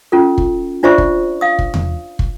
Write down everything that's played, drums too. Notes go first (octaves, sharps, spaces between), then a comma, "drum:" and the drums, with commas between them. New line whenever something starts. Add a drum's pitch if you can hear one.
C#4 F4 A4
drum: kick
D4 F4 C5 D5 E5 C#6
drum: kick
F5 D#6
drum: kick
drum: tom E2
drum: kick